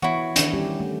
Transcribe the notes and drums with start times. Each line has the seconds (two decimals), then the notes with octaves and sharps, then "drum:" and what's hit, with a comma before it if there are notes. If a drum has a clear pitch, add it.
0.02 E3 B3 E4 F#4 C#5
0.36 D#3 C#4 D4, drum: hi-hat
0.53 G3 C#4 G4
0.80 A3